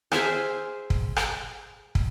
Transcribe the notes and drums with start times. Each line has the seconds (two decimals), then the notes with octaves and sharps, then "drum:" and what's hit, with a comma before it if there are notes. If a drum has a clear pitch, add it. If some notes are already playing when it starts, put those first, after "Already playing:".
0.12 G#4 C5 E5 F5, drum: rim click
0.90 drum: kick
1.16 drum: rim click
1.95 drum: kick